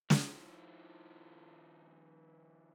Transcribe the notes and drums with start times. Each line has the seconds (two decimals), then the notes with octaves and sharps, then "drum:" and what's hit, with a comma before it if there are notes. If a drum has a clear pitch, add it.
0.10 D#3 F3, drum: snare